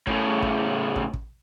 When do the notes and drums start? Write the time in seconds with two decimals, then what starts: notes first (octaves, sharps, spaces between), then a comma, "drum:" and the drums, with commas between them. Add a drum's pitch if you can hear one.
0.07 A2 C#3, drum: kick
0.42 drum: kick
0.96 drum: kick
1.14 drum: kick